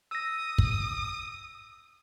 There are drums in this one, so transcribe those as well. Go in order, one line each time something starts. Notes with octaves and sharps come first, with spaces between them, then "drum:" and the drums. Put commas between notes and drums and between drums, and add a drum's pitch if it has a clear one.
D#6 E6 A#6
drum: kick